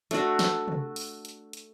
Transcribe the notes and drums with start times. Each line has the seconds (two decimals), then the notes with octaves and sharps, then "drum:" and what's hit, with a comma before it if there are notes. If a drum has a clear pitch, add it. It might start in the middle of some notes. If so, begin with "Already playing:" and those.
0.11 A3 D4 F#4, drum: hi-hat
0.39 drum: snare
0.68 drum: tom C3
0.96 drum: open hi-hat
1.25 drum: hi-hat
1.53 drum: hi-hat